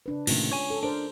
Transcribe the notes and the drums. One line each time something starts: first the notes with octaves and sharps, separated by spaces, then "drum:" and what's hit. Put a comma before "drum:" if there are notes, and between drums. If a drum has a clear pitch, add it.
C#3 D4 B4
A2 C3 D#3 G#3 C#4 F4, drum: cymbal
C#5 G#5
A4
D4 A#4 C5